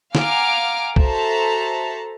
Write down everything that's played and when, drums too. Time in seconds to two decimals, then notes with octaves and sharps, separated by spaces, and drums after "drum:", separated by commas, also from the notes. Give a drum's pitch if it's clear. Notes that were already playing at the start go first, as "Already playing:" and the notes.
0.15 F5 F#5 G#5 A#5 D6 F6, drum: snare
0.96 F#4 A4 C5 E5 A5 A#5, drum: kick